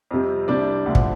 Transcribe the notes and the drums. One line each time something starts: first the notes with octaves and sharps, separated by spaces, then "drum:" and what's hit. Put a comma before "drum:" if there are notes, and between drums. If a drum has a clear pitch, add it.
F2 C3 G3
C2 C3 G3 D4 D5
D2 D3 F3
drum: kick